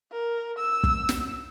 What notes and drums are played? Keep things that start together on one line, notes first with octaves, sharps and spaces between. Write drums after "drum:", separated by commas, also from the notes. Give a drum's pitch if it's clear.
A#4
E6
drum: kick
drum: snare